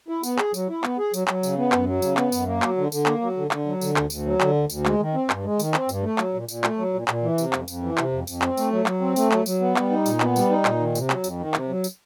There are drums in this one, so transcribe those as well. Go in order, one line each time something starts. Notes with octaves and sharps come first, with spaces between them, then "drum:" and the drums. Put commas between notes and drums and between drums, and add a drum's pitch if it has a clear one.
E4
B3, drum: tambourine
G#4, drum: clap
F#3, drum: tambourine
E4
B3, drum: clap
G#4
F#3, drum: tambourine
F#3, drum: clap
C#3, drum: tambourine
B3
F#2, drum: clap
F#3
C#3, drum: tambourine
B3, drum: clap
F#2, drum: tambourine
A#3
F#3, drum: clap
D3
D3, drum: tambourine
A#3, drum: clap
F#3
D3
D3, drum: clap
F#3
D3, drum: tambourine
D2, drum: clap
D2, drum: tambourine
F#3
D3, drum: clap
D2
D2, drum: tambourine
G#3, drum: clap
D#3
C4
G2, drum: clap
G#3
D#3, drum: tambourine
C4, drum: clap
G2, drum: tambourine
A3
F#3, drum: clap
A#2
A#2, drum: tambourine
A3, drum: clap
F#3
A#2
A#2, drum: clap
E3
C3, drum: tambourine
F2, drum: clap
F2, drum: tambourine
E3
C3, drum: clap
F2
F2, drum: tambourine
C4, drum: clap
A3, drum: tambourine
F#3
F#3, drum: clap
C4
A3, drum: tambourine
F#3, drum: clap
F#3, drum: tambourine
B3
G3, drum: clap
D#4
A#2, drum: tambourine
B3, drum: clap
G3, drum: tambourine
D#4
A#2, drum: clap
D#3
C3, drum: tambourine
F#3, drum: clap
F2, drum: tambourine
D#3
C3, drum: clap
F#3
drum: tambourine